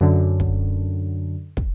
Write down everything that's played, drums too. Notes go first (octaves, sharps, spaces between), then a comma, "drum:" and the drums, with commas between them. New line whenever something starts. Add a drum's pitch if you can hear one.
F#2 D3
drum: kick
drum: kick